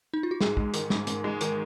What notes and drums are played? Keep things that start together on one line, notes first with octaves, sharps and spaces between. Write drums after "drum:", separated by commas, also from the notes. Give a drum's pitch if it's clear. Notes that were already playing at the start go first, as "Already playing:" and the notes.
D#4
F4
F#4
G#2 G#4, drum: snare
G#3, drum: kick
D#3, drum: hi-hat
G#2, drum: snare
G#2, drum: hi-hat
G#3
D#3 A#4, drum: hi-hat